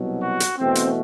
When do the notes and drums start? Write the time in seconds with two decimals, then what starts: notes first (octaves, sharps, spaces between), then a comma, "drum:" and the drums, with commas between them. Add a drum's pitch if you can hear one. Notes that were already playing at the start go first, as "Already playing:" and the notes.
Already playing: C2 B2 F#3
0.23 F#4
0.40 drum: hi-hat
0.58 E2 B2 A3 C4
0.75 drum: hi-hat